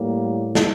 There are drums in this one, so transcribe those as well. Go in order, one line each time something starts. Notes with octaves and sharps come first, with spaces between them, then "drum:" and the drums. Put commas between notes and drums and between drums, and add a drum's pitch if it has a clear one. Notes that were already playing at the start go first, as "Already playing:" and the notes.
Already playing: A2 G3 A#3
drum: snare